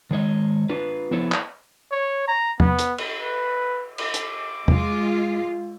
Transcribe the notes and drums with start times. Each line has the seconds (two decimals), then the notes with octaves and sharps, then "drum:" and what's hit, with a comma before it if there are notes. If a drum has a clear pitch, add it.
0.11 D#3 G#3 C#5 D#5
0.69 D4 F4 B4
1.11 F3 B3 E4 A4 C#5
1.32 drum: clap
1.92 C#5
2.28 A#5
2.60 B3, drum: tom E2
2.79 drum: hi-hat
2.98 drum: cymbal
3.22 B4
3.98 D6, drum: cymbal
4.14 drum: hi-hat
4.68 G#3 F4, drum: tom E2